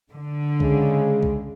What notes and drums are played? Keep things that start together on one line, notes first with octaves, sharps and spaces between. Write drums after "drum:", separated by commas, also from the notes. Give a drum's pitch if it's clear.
D3
C#3 G#3, drum: kick C2
drum: kick C2